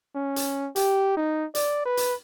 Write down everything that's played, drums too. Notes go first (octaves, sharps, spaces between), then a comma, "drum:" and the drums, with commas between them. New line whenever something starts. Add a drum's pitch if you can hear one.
C#4
drum: hi-hat
G4, drum: hi-hat
D#4
D5, drum: hi-hat
B4
drum: hi-hat